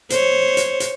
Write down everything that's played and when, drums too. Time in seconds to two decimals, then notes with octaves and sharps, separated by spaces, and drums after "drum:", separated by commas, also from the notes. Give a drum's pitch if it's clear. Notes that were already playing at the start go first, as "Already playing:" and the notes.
0.10 C5 C#5, drum: hi-hat
0.57 drum: hi-hat
0.80 drum: hi-hat